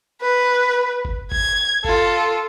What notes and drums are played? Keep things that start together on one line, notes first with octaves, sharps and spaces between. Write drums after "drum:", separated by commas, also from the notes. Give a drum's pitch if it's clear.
B4
drum: kick G1
G#6, drum: kick G1
F4 A4, drum: kick G1